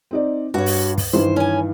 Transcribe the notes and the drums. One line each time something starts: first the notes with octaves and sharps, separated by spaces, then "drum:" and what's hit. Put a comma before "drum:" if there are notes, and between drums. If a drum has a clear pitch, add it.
C4 D#4 D5
G2 F#4 C#5
drum: open hi-hat
drum: kick, open hi-hat
G2 D#3 E3 C5
C#4 G#5